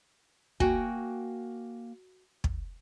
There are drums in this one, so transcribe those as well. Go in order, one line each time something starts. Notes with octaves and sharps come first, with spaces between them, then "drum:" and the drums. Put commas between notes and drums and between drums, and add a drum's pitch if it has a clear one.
A#3 F#4 G5 G#5, drum: kick
drum: kick